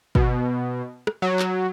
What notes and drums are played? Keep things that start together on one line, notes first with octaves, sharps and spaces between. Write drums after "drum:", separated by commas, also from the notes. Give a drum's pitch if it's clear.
B2, drum: kick
drum: rim click
F#3
drum: clap